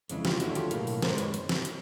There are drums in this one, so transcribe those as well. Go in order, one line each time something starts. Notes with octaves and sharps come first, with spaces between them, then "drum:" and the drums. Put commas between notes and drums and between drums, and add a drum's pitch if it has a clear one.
F2 C#3 E3 G#3, drum: hi-hat
F4 G4, drum: snare
D#2 D3 F#3 A3 E4 F#4, drum: hi-hat
F4 G4, drum: hi-hat
B1 A2 F#3 A#3, drum: hi-hat
drum: open hi-hat
F#2 D#3 G#3 A#4 C5, drum: snare
B4 C#5, drum: hi-hat
drum: hi-hat
drum: snare
drum: hi-hat